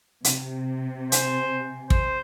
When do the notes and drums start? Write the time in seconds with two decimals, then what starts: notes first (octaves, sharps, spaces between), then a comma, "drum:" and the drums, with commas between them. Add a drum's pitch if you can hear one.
0.24 C3, drum: hi-hat
1.12 C5 G#5, drum: hi-hat
1.90 C5, drum: kick